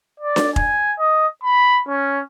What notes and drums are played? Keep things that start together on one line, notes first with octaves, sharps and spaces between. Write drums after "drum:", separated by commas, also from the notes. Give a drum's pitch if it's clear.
D5
drum: snare D4
G#5, drum: kick F1
D#5
B5
C#4